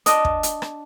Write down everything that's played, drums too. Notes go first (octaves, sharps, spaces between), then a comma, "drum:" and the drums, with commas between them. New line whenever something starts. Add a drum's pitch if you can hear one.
D4 D#5, drum: hi-hat
drum: kick
drum: hi-hat
drum: rim click